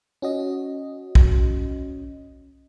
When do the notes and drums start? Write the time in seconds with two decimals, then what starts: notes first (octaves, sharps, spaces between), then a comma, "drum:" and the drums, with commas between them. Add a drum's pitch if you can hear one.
0.22 C#4 F#4 D#5
1.15 drum: kick B1